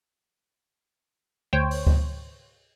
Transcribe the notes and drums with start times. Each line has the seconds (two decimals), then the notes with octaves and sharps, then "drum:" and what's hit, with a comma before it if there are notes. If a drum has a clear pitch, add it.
1.53 D2 C5 C#5 G5
1.71 drum: open hi-hat
1.87 drum: kick D2